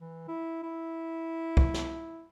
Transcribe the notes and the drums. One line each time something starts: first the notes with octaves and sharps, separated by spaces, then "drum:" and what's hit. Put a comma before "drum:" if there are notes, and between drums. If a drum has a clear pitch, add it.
E3
E4
E4
drum: kick
drum: snare